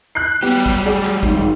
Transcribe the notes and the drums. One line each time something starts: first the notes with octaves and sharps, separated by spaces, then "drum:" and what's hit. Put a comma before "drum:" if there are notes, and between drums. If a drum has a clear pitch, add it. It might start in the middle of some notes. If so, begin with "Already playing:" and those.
F#6 G6 C7
F#3 G3 B3 G4
drum: kick
F#4 G#4 D5
drum: clap
G#1 G#2, drum: kick